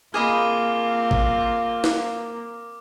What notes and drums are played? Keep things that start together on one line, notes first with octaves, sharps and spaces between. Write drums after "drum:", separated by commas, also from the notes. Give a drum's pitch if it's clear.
A#3 C4 F4 G#4 D#5 B5 D6 F6
drum: kick G#1
drum: snare